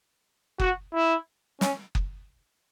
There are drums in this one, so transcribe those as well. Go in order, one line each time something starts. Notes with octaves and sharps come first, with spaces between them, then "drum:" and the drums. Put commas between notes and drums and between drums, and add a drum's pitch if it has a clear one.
F#4, drum: kick F#1
E4
C#4, drum: snare
drum: kick F#1